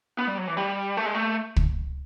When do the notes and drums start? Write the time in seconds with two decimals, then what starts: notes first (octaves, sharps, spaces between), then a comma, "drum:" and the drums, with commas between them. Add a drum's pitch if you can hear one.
0.18 B3
0.27 G3
0.37 F#3
0.47 E3
0.57 G3
0.97 A3
1.06 G#3
1.15 A3
1.56 drum: kick